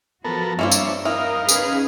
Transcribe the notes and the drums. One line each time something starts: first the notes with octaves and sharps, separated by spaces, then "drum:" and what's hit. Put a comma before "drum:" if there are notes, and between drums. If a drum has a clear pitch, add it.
F3 B3 F#4 A4 A#4
G2 A#3 C4 D4 E4 F4 C#5 E5
drum: tambourine
D#4 E4 A#4 F5
C#4 G#4 B4, drum: tambourine